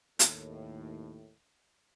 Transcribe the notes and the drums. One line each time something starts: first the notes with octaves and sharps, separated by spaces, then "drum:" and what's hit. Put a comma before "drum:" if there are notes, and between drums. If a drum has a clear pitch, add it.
D#2 A2, drum: hi-hat